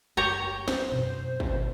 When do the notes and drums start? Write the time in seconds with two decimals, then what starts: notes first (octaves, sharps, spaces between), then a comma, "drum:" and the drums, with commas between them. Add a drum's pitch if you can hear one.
0.17 F#1 G4 C#5 A#5
0.68 E4 C5, drum: snare
0.91 F#2 B2
1.40 drum: kick G#1